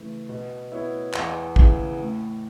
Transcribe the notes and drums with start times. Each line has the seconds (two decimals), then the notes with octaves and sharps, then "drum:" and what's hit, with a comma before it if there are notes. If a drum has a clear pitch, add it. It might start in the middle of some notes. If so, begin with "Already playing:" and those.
Already playing: C#3 E3 A3
0.29 B2
0.72 B3 E4 C#5
1.14 E2, drum: clap
1.56 C#3 E3 B3 E4, drum: kick
1.99 A2